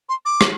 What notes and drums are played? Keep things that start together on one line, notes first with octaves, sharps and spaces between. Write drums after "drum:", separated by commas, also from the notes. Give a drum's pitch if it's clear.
C6
D6
drum: rim click